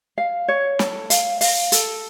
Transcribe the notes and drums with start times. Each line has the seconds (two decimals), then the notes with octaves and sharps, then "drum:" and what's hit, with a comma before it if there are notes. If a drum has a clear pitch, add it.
0.18 F5
0.48 C#5
0.79 A4, drum: snare
1.10 F5, drum: hi-hat
1.41 F5, drum: open hi-hat
1.72 A4, drum: hi-hat